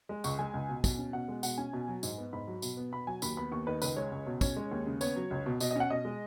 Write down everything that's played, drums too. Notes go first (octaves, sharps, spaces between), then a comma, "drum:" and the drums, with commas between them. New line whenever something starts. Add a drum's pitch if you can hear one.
G#3
C#2 C#6, drum: tambourine
G#3 G#5
C#2
B2
B2, drum: kick, tambourine
C#4
B2 F#5
G#3
B2 F#5, drum: tambourine
C#4 G#5
B2
F#3
G#2, drum: tambourine
B3
G#2 B5
F#3
B2, drum: tambourine
B3
B2 B5
F#3 G#5
D#2 B5, drum: tambourine
B3 B5
D#2 C#6
D#3 B4
C#2 B4, drum: tambourine
G#3 C#5
C#2
B2
C#4 C#5, drum: kick, tambourine
G#3
D#2
C#3
B3 C#5, drum: tambourine
F#3
C#2
B2
B2 D#5, drum: tambourine
D#5
C#4 F#5
B2 D#5
G#3